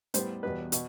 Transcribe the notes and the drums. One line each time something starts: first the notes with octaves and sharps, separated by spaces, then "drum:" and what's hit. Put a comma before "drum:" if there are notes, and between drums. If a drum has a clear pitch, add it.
A2 G3 B3 C5, drum: hi-hat
E2 B2 G3 B3 B4
B2, drum: hi-hat